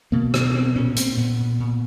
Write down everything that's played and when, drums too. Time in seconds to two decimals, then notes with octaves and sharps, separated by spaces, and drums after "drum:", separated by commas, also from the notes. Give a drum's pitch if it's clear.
0.12 B2 A#3
0.34 B2, drum: rim click
0.55 B2 C4
0.75 A#2 C#4
0.96 A#2 C4, drum: hi-hat
1.17 A#2 B3
1.38 A#2
1.60 A#2